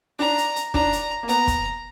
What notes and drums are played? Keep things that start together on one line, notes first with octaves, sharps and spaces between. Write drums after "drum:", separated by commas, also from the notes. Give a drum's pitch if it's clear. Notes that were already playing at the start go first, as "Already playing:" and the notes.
D4 A#5
drum: hi-hat
drum: hi-hat
D4 A#5, drum: kick
drum: hi-hat
A#3
B3 A#5, drum: hi-hat
drum: kick, hi-hat